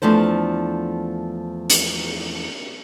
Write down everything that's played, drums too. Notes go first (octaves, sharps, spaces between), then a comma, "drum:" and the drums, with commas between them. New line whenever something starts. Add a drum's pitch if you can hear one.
E2 F3 A3 D4 C5
drum: hi-hat